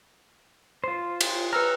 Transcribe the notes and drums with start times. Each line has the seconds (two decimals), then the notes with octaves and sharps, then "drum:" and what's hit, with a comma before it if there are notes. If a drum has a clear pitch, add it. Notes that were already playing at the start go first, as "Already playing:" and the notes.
0.84 F4 C5
1.21 drum: cymbal
1.53 B4 A#5 E6 F6